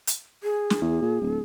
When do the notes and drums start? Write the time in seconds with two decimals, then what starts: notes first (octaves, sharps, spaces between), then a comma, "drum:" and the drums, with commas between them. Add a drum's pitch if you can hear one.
0.07 drum: hi-hat
0.43 G#4
0.70 drum: snare
0.81 E2
1.02 A#2
1.21 D1